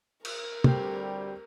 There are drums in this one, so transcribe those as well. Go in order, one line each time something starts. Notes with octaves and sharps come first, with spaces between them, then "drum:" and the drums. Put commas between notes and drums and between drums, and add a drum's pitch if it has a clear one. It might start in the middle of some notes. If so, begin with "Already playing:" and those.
A#4, drum: cymbal
D2 G3 A3 C4 G4, drum: tom